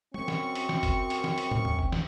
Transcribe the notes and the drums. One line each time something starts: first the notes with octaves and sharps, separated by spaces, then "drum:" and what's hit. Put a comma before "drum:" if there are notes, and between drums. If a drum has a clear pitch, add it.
F#2 C4 C#6, drum: tom
drum: snare
drum: hi-hat
drum: snare
drum: kick F#1, hi-hat
drum: hi-hat
drum: snare
drum: hi-hat
drum: tom
drum: tom E2
drum: kick F#1
drum: snare